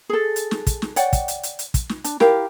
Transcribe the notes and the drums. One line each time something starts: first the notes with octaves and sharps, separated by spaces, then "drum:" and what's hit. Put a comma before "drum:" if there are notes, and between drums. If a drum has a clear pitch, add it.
G#4 A4
drum: hi-hat
drum: snare
drum: kick, hi-hat
drum: snare
C#5 D5 F#5 G5, drum: hi-hat
drum: kick, hi-hat
drum: hi-hat
drum: hi-hat
drum: hi-hat
drum: kick, hi-hat
drum: snare
D4, drum: hi-hat
E4 G4 A#4 F5, drum: snare